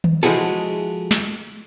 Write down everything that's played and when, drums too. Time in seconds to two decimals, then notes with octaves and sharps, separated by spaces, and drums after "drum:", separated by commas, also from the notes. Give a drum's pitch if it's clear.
0.04 drum: tom D#3
0.23 F3 G#3 E4 F#4 G#4 A4, drum: cymbal
1.11 drum: snare